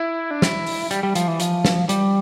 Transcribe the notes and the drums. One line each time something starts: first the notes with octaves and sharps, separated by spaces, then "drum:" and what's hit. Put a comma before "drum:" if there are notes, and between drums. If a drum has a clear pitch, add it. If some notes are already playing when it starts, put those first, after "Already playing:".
Already playing: E4
D4
E4, drum: snare
drum: open hi-hat
G3, drum: hi-hat
G3
F3, drum: hi-hat
E3
F3, drum: hi-hat
drum: snare
G3, drum: hi-hat